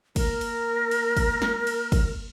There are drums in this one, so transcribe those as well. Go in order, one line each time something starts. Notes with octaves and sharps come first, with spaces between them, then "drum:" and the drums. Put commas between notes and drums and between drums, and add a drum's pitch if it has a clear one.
A#3 A#4, drum: kick, cymbal
drum: cymbal
drum: cymbal
drum: kick, cymbal
drum: snare
drum: cymbal
drum: kick, cymbal